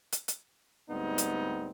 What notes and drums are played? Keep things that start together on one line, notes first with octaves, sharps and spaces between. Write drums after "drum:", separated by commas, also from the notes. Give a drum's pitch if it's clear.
drum: hi-hat
drum: hi-hat
D2 G#2 G3 B3 C4 D#4
drum: hi-hat